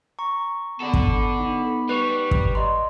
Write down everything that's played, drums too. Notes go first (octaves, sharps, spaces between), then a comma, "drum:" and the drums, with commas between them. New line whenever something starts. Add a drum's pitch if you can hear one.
A#5 C#6
B3 A4 D5
drum: kick
D#4
G3 B4 C#6
drum: kick
D5 D#5 A#5 C6